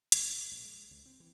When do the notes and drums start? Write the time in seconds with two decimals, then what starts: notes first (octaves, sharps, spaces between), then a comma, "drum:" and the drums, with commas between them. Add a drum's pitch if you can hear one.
0.12 F#1, drum: hi-hat
0.33 B2
0.51 A#1
0.65 G#3
0.91 C#2
1.06 C4
1.20 E3